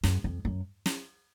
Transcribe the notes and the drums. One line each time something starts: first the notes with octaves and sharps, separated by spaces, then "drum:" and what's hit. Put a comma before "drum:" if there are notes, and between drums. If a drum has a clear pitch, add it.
F#2, drum: snare
F2
F#2
drum: snare